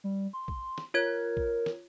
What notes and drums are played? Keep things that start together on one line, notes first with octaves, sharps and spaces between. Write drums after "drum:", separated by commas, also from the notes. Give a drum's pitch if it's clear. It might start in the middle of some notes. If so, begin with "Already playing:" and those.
G3
C6
drum: kick A#1
drum: snare
F4 A#4 C#5 G#6
drum: kick A#1
drum: snare